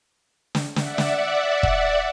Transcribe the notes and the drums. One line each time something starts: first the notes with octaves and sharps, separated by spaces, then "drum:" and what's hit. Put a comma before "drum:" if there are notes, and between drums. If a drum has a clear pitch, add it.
drum: snare
D5 E5 F#5, drum: snare
drum: snare
drum: kick